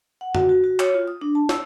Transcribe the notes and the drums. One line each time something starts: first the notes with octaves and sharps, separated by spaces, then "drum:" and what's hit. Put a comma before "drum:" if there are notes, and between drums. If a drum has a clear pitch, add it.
F#5
F#4, drum: tom
F#4
F#4
C#5, drum: clap
F4
D#6
D4
A5
E6, drum: snare